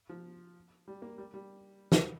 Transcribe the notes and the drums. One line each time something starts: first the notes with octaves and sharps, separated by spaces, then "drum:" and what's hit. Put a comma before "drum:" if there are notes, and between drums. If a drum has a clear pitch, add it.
F3
G3
A#3
G3
G3
drum: snare